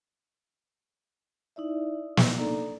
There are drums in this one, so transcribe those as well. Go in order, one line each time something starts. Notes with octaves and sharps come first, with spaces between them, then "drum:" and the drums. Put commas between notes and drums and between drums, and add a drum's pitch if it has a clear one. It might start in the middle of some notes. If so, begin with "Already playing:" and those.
D#4 E4 D5 E5
drum: snare
A#3 D4 D#4 A4 D5 A#5